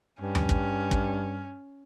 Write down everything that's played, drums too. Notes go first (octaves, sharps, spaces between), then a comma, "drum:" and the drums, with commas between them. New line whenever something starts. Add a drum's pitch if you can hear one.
G2 C#4
drum: tom D#2
drum: kick
drum: kick